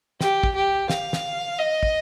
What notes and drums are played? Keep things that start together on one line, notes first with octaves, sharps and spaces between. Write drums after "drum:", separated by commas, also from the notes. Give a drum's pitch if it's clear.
G4, drum: snare
drum: kick
G4
F5, drum: snare
drum: snare
D#5
drum: kick